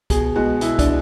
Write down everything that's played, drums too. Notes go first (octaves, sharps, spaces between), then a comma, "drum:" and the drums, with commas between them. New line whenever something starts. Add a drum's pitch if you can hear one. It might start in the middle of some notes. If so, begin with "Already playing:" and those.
B2 G#4, drum: kick, hi-hat
G#3 B3 F#4
B2 E4, drum: hi-hat
D4, drum: kick, hi-hat